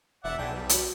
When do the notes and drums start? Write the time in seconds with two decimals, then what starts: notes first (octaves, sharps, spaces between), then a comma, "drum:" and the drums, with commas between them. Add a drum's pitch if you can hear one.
0.24 E1 D5 E5 F#5
0.39 B1 E3 G#3 D4 D5 F#5 G5
0.54 E2 G3
0.69 F#4, drum: hi-hat